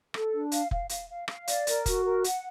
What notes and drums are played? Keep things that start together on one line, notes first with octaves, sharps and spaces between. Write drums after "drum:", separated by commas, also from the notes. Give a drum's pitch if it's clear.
A4, drum: rim click
D4
F5, drum: hi-hat
F5, drum: kick F1
F5, drum: hi-hat
F5
F5, drum: rim click
D5, drum: hi-hat
A#4, drum: hi-hat
F#4, drum: kick F1, hi-hat
A#4
F#5, drum: hi-hat